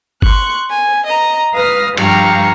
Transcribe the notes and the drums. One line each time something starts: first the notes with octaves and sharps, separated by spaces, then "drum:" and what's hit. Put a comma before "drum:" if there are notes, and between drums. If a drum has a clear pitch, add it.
C6 C#6 F#6, drum: kick G1
G#5
D#5 A#5
B4 F5 D#6 F6 A#6
G2 F3 G4 F5 A#5 C#6, drum: cymbal